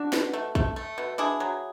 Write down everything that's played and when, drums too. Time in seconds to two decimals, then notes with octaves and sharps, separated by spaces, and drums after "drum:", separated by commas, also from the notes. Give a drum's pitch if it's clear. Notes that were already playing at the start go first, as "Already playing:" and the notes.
Already playing: D4 F#4
0.13 B2, drum: snare
0.33 A3
0.55 A3, drum: kick
0.76 A3
0.98 B2
1.18 D4 E4 G#4
1.40 F#3